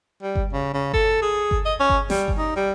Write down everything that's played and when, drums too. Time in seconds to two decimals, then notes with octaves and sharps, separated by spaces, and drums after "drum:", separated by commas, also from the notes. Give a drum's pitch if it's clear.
0.23 G3
0.36 drum: kick G1
0.52 C#3
0.74 C#3
0.93 A4, drum: kick G1
1.22 G#4
1.51 drum: kick G1
1.65 D#5
1.80 C#4
1.90 drum: kick G1
2.10 G3, drum: snare
2.28 drum: kick G1
2.37 D#4
2.56 G3